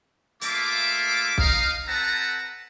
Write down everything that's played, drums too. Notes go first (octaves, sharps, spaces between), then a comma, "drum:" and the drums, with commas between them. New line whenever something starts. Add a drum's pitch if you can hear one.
A3 A#3 F4 E5 D6, drum: hi-hat
D#4 F5, drum: kick
C4 A4 B4 F#5 A5 A#5